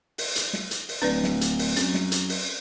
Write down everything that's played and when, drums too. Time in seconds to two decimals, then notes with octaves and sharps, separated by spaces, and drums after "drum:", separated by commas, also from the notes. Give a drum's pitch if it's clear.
0.18 drum: open hi-hat
0.36 drum: hi-hat
0.53 drum: snare
0.71 drum: hi-hat
0.89 drum: open hi-hat
1.02 D1 D4 B4 D5
1.24 drum: snare
1.41 drum: hi-hat
1.59 drum: open hi-hat
1.76 F#2 C4, drum: hi-hat
1.94 drum: snare
2.12 drum: hi-hat
2.29 drum: open hi-hat